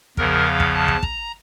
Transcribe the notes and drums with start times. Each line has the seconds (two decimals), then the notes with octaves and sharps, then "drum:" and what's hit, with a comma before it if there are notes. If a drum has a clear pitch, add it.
0.17 E2 C#3 F3 A#4, drum: kick
0.45 F5
0.60 drum: kick
0.74 A5
0.88 drum: kick
1.03 A#5, drum: kick